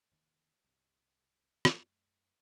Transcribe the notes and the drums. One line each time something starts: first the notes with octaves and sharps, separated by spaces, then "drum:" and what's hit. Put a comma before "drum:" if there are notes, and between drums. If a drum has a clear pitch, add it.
F1 D2 D#3 A#3
C2 G2
drum: rim click
F#2 A3